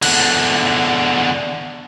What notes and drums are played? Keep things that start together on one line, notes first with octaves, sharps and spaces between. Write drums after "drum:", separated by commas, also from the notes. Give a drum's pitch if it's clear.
E2 D3, drum: cymbal